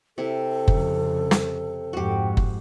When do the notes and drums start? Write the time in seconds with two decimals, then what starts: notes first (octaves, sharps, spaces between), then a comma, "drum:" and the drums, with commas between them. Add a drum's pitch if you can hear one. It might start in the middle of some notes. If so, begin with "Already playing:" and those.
0.18 C3 E4 A4
0.68 F2 C#3, drum: kick F#1
1.31 drum: snare
1.93 F2 G#2 F#4 G4
2.37 drum: kick F#1